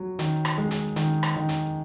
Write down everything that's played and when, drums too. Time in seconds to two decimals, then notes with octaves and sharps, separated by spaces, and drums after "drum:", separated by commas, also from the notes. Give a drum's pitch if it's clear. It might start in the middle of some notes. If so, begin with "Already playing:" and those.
Already playing: F#3
0.19 D#3, drum: hi-hat
0.45 drum: rim click
0.58 G#3
0.71 drum: hi-hat
0.96 D#3, drum: hi-hat
1.23 drum: rim click
1.36 D#3
1.49 drum: hi-hat